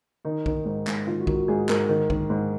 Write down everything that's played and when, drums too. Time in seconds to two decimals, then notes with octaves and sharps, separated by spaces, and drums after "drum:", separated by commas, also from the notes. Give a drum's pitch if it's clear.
0.25 D#3 D#4
0.46 D#3, drum: kick
0.65 G#2
0.87 G#2, drum: clap
1.07 D#3 F4
1.20 F#4
1.27 D#3, drum: kick
1.34 F#4
1.48 G#2 G#4
1.69 G#2 A#4, drum: clap
1.89 D#3
2.10 D#3, drum: kick
2.30 G#2